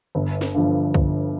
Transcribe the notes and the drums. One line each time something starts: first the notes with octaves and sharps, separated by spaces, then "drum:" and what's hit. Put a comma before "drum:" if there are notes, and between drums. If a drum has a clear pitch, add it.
G1
drum: snare
G2 D3 F3
G1, drum: kick